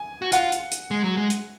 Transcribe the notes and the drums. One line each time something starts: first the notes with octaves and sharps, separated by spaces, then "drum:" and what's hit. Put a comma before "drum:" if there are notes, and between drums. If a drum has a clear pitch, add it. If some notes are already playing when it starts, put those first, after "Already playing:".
Already playing: G#5
F#4
F4 F#5, drum: hi-hat
drum: hi-hat
drum: hi-hat
G#3
F#3
G#3
drum: hi-hat